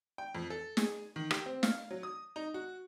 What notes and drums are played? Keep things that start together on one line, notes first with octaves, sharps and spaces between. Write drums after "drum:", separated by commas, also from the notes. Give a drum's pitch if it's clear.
G5
F2
A4
G#4, drum: snare
D#3
G4, drum: rim click
C4
F5, drum: snare
F#3
D#6
D#4
F#4